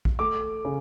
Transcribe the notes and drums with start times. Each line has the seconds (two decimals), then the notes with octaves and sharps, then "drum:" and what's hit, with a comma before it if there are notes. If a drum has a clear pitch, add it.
0.05 drum: kick
0.19 A3 D6
0.65 C#3